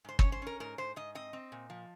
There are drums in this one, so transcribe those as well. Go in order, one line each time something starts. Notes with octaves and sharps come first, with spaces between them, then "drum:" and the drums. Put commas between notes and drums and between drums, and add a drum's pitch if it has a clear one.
G#2 C5
C#4 C#5, drum: kick
C5
C#4 A#4
G#2 A#4
G#2 C5
G#2 D#5
C4 D#5
C4
A#2
F3